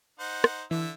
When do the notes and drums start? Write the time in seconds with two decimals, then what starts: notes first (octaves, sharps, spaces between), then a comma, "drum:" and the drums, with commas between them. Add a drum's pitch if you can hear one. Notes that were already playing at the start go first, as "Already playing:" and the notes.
0.20 D#4 C5 F#5
0.44 drum: rim click
0.71 D3 E3 E5